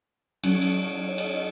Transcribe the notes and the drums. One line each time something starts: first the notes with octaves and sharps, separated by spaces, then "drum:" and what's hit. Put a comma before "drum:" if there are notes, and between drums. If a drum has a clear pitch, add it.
F#3 C#4, drum: cymbal
drum: cymbal
C#5
D#5, drum: cymbal